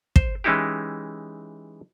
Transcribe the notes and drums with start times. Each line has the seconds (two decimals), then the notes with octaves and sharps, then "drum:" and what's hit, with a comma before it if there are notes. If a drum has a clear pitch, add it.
0.16 C5, drum: kick
0.44 E3 G#3 C#4 D#4 E4 G4